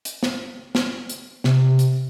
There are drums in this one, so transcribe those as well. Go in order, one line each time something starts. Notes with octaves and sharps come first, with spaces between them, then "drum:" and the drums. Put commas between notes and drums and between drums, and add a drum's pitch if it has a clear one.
drum: hi-hat
drum: snare
drum: snare
drum: hi-hat
C3, drum: snare
drum: hi-hat